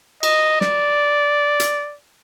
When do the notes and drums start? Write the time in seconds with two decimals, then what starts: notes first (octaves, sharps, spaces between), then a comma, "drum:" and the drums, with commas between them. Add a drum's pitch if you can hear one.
0.23 D#5, drum: cymbal
0.61 D5, drum: snare
1.60 drum: hi-hat